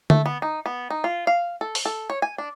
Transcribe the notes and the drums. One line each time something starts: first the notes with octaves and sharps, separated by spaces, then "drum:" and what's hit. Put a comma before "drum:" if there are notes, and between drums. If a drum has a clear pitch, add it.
A3, drum: tom D3
B3
D#4
B3
D#4
F4
F5
A4
drum: open hi-hat
A4
C#5
G#5
D4